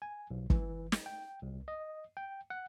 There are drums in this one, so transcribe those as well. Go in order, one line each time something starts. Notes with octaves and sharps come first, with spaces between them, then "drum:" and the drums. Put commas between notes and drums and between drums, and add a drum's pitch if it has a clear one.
G#5
B1
E3, drum: kick
drum: snare
G5
C2
D#5
G5
F#5